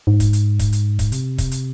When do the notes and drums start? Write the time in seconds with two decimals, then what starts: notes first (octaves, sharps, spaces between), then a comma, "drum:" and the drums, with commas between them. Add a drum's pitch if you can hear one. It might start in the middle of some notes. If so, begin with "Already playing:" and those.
0.07 G#2
0.20 drum: kick, hi-hat
0.33 drum: hi-hat
0.59 drum: kick, hi-hat
0.73 drum: hi-hat
0.99 drum: kick, hi-hat
1.12 C3, drum: hi-hat
1.38 drum: kick, hi-hat
1.51 drum: hi-hat